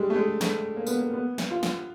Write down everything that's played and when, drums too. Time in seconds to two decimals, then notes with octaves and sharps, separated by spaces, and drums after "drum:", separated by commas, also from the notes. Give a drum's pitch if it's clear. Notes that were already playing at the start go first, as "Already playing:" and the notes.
Already playing: G3 G#3
0.10 A3
0.16 G#3
0.41 A3, drum: snare
0.76 A#3
0.87 B3, drum: tambourine
0.98 A#3
1.14 B3
1.38 drum: snare
1.50 F4
1.63 drum: snare